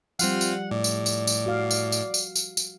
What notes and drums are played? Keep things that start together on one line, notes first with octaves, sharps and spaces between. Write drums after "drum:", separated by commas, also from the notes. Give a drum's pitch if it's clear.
F3 G3 C4 F4 F5 F#5, drum: tambourine
drum: tambourine
A2 D5
drum: tambourine
drum: tambourine
drum: tambourine
F#4 F5
drum: tambourine
drum: tambourine
drum: tambourine
drum: tambourine
drum: tambourine